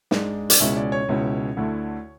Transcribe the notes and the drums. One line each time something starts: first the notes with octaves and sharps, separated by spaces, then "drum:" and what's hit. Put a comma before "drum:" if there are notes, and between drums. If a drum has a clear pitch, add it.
G#2 G#3 D4, drum: snare
D5, drum: hi-hat
C#2 B2 G#3 C#4 E4 E5
D5
C#5
C#2 B2 G#3 C#4 E4
D2 D3 A3 E4